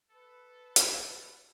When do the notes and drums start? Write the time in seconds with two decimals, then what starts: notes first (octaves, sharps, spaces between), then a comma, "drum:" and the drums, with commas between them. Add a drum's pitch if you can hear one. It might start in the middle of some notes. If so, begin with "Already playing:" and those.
0.11 A4 B4
0.76 drum: hi-hat